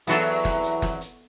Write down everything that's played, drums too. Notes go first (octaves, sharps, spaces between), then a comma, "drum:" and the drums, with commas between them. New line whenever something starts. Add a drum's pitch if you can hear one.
E2 E3 F#3 B3 F#4 A4, drum: hi-hat
drum: snare
drum: hi-hat
drum: snare
drum: hi-hat